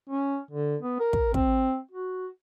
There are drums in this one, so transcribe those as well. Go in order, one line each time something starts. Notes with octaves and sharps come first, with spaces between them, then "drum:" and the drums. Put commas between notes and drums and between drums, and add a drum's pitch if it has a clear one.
C#4
D3
B3
A#4
drum: kick
C4, drum: kick
F#4